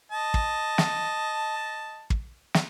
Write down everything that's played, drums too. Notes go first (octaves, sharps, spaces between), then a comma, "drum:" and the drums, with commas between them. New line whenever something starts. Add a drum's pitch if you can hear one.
D#5 A5
drum: kick
drum: snare
drum: kick
drum: snare